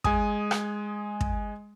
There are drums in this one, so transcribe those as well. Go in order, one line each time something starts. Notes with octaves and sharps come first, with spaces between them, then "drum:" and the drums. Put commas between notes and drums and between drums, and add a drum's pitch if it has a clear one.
G#3 G#5 D#6, drum: kick
drum: rim click
drum: kick